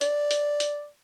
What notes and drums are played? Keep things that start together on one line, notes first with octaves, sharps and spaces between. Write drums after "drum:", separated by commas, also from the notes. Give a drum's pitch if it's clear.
D5, drum: hi-hat
drum: hi-hat
drum: hi-hat